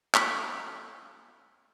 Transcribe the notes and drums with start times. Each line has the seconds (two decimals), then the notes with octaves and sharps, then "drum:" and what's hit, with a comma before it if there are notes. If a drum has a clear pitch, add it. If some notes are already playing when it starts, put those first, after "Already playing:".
0.14 C#6 F6 B6, drum: clap